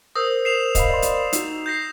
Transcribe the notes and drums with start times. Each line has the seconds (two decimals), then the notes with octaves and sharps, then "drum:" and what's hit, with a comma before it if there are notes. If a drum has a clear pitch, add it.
0.16 A#4 C5 D#6 E6 G6
0.45 C7 E7 F7
0.75 D#5 F5 B5, drum: kick, hi-hat
0.90 D5 C6
1.02 drum: hi-hat
1.33 D#4 F#4, drum: hi-hat
1.66 G6 A#6 C7